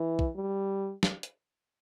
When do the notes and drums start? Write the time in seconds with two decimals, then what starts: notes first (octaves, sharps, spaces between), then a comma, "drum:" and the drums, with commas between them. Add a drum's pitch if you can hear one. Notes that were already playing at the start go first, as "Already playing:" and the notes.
Already playing: E3
0.19 drum: kick
0.36 G3
1.03 drum: snare
1.23 drum: hi-hat